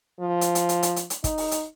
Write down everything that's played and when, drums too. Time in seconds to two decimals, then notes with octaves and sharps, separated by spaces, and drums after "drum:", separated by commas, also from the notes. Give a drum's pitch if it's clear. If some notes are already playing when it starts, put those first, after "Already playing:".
0.20 F3
0.41 drum: hi-hat
0.55 drum: hi-hat
0.69 drum: hi-hat
0.83 drum: hi-hat
0.96 drum: hi-hat
1.10 drum: hi-hat
1.24 D#4, drum: kick, hi-hat
1.38 drum: open hi-hat
1.51 drum: hi-hat